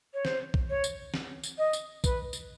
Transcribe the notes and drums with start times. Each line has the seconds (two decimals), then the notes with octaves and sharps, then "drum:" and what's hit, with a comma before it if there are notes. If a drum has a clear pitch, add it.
0.14 C#5
0.25 C5, drum: snare
0.54 drum: kick
0.69 C#5
0.84 drum: tambourine
1.14 drum: snare
1.43 drum: tambourine
1.58 D#5
1.73 drum: tambourine
2.04 B4, drum: kick, tambourine
2.33 drum: tambourine